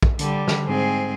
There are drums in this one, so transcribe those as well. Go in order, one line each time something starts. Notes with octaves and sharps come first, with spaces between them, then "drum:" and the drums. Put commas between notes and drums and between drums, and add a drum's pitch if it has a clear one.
drum: kick A#1
D3 G3, drum: hi-hat
drum: snare
G#2 C4 G#4